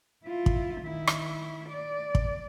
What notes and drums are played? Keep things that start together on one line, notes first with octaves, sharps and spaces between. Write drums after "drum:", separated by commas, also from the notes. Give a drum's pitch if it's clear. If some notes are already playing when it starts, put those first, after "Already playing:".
E4 F4
drum: kick
D#3 E4
drum: rim click
D5
drum: kick